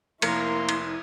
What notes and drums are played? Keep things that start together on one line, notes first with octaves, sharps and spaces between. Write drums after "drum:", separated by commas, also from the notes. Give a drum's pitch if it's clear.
F1 A#3 E4 A#4 C6 C#7, drum: cymbal
drum: cymbal